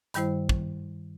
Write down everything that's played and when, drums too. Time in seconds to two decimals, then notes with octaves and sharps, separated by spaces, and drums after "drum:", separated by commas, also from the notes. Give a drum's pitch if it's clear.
0.14 G2 D#3 G3 E4 C5, drum: hi-hat
0.49 drum: kick